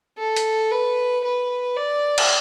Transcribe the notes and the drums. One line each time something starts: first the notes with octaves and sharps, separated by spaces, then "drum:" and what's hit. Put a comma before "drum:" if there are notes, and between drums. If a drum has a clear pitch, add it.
A4
drum: hi-hat
B4
B4
D5
drum: cymbal